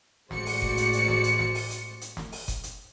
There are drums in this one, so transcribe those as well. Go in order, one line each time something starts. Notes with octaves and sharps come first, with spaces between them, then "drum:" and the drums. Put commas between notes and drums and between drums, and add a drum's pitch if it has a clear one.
A1 G#3 F#4 C5 D5 C#7, drum: snare
drum: open hi-hat
drum: kick F#1
drum: hi-hat
drum: hi-hat
drum: snare
drum: hi-hat
drum: snare
drum: open hi-hat
drum: hi-hat
drum: hi-hat
drum: snare
drum: open hi-hat
drum: kick F#1, hi-hat
drum: hi-hat